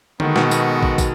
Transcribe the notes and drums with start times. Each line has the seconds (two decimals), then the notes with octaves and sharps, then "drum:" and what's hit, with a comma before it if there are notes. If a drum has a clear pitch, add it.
0.20 D#3 G#3 B3 F#4 A4 D#5, drum: tom D3
0.36 B2, drum: snare
0.51 B2, drum: tambourine
0.83 drum: kick
0.98 drum: kick, tambourine